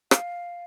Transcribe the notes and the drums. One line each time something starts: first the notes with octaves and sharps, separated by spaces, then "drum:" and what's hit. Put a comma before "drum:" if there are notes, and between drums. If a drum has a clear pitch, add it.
F5, drum: rim click